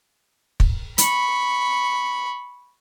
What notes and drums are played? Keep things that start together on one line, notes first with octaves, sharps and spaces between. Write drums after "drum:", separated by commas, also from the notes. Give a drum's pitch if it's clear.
drum: kick
B5 C#6, drum: hi-hat